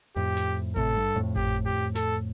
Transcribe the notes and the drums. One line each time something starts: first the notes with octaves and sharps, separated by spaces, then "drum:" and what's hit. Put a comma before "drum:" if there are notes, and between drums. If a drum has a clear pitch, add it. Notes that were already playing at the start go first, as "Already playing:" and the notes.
F2 A2 G4, drum: hi-hat
drum: snare
drum: open hi-hat
A2 C3 A4, drum: kick G#1, hi-hat
G2, drum: hi-hat
F2 A2, drum: hi-hat
G4, drum: kick G#1, hi-hat
drum: hi-hat
G4
drum: open hi-hat
A4, drum: snare
drum: hi-hat